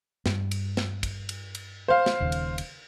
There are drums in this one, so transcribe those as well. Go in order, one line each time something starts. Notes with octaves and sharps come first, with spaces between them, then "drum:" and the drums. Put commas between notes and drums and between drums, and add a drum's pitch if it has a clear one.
G2, drum: snare
drum: cymbal
drum: snare
drum: kick, cymbal
drum: cymbal
drum: cymbal
C5 F5
drum: snare
D#1 D#2 C#3
drum: cymbal
drum: cymbal